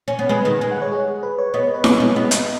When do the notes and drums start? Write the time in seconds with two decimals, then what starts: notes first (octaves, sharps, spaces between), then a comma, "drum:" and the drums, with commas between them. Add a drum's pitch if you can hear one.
0.08 C#4
0.19 B3
0.29 G#3 B4
0.45 D#3
0.61 G#3 G#5
0.71 F#5
0.82 C#5
0.92 G#4
1.23 B4
1.38 C#5
1.54 B3 D#5
1.63 C#5
1.74 B4
1.84 G#3 C#5, drum: snare E4
2.00 G#3
2.16 B3 D#5
2.31 D#5, drum: hi-hat